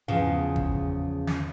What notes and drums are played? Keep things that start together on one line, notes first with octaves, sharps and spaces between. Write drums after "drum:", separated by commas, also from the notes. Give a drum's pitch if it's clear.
E2 C#3 F3 F5
drum: kick
drum: snare